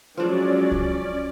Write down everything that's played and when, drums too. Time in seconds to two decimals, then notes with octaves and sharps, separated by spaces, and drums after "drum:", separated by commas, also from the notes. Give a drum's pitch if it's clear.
0.17 F3 F#3 G#3 C#4 D4 D5
0.71 drum: kick C2